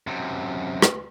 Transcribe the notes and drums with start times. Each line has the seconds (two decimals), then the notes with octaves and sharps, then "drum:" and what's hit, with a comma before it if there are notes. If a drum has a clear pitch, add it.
0.07 F#2 C3
0.82 drum: rim click